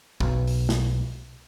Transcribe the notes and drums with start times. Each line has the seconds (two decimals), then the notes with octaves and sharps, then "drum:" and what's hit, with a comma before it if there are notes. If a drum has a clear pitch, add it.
0.20 B1, drum: kick
0.47 drum: open hi-hat
0.69 drum: snare